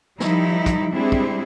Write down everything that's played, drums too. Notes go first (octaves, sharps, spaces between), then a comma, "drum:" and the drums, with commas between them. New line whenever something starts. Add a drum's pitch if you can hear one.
D#3 F3 G3 D#4 E4, drum: snare
drum: kick, hi-hat
G3 G#3 C4 D4 E4 G#4
drum: kick